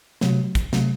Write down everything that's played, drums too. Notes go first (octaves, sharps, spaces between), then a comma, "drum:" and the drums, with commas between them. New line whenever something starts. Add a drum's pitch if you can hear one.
C3 F#3 A3, drum: snare
drum: kick, hi-hat
C3 F#3 A3, drum: snare